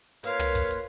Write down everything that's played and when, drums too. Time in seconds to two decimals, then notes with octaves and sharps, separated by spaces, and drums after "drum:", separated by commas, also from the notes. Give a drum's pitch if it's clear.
0.24 A#3 F4 A#4 B4 C#5 F5, drum: hi-hat
0.39 drum: tom
0.55 drum: kick, hi-hat
0.71 drum: hi-hat